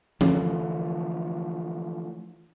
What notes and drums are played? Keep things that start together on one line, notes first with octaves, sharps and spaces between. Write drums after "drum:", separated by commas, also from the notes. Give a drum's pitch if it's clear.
D3 E3 F3 A3, drum: tom F3